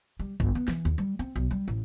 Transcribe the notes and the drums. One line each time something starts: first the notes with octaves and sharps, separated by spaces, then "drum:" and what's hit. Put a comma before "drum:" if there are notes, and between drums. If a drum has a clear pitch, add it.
G3
G1, drum: kick A#1
B3
E3, drum: snare
D#2
G3
C4
B1
G3
A1